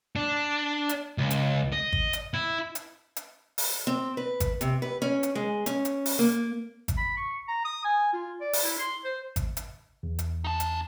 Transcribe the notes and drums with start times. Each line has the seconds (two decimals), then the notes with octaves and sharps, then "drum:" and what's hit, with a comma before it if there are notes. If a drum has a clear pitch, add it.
0.16 D4
0.89 drum: hi-hat
1.18 C#2
1.31 drum: hi-hat
1.72 D#5
1.93 drum: kick G#1
2.13 drum: hi-hat
2.34 E4
2.75 drum: hi-hat
3.16 drum: hi-hat
3.58 drum: open hi-hat
3.87 C4
4.17 B4
4.40 drum: kick G#1, hi-hat
4.61 C3, drum: hi-hat
4.82 B4
5.02 C#4
5.23 drum: hi-hat
5.35 G#3
5.66 C#4, drum: hi-hat
5.85 drum: hi-hat
6.06 drum: open hi-hat
6.19 A#3
6.88 drum: kick G#1, hi-hat
6.97 B5
7.17 C#6
7.48 A#5
7.65 D#6
7.85 G#5
8.13 F4
8.41 D5
8.53 drum: open hi-hat
8.64 E4
8.78 C6
9.04 C5
9.36 drum: kick G#1, hi-hat
9.57 drum: hi-hat
10.03 E2
10.19 drum: hi-hat
10.44 D#4 A5
10.60 drum: hi-hat